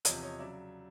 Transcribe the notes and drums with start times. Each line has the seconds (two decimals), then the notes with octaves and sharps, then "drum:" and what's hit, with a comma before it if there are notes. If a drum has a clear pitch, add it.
0.05 E2 C3 F3 C#5 D#5, drum: hi-hat
0.22 C#5 D#5
0.39 C#3 F#3 D5 E5